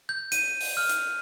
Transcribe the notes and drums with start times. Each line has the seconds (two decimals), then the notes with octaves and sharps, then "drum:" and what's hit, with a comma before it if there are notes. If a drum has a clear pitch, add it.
0.09 G6
0.32 D#7, drum: hi-hat
0.61 drum: open hi-hat
0.77 F6
0.89 drum: hi-hat